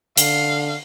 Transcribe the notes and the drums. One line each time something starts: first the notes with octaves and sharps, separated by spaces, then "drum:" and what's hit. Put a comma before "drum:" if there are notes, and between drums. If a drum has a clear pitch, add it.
D3 F5, drum: hi-hat